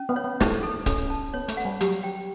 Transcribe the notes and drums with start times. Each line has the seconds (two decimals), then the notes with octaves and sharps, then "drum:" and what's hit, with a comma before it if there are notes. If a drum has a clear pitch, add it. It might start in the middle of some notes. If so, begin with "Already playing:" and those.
Already playing: C#4
0.09 B3
0.16 C#5
0.24 B3
0.40 A3 E4, drum: snare
0.63 A4
0.86 C#4 A4, drum: kick C#1, hi-hat
1.10 A5
1.34 B3 C#5
1.48 A3, drum: hi-hat
1.57 F#5
1.65 G3
1.81 F#3 G4, drum: hi-hat
2.03 G5